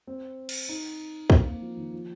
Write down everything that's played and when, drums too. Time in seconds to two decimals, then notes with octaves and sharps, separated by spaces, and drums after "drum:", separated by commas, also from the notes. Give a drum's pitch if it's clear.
0.07 C4
0.49 drum: cymbal
0.69 D#4
1.30 D#4, drum: kick
1.38 C4
1.46 A#3
1.62 F3
1.77 D#3
1.93 F3